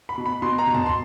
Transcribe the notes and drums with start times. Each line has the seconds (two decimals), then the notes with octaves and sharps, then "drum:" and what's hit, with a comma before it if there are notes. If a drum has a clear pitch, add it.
0.09 B5
0.18 B2
0.26 B5
0.42 B2 C6
0.58 A#5
0.67 B2
0.74 A5, drum: tom
0.86 C6